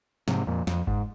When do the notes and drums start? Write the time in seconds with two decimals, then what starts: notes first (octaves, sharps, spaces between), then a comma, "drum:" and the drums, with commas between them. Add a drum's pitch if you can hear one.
0.28 G#2 C3, drum: snare
0.47 F2 A#2
0.67 F2, drum: snare
0.87 G#2, drum: kick F#1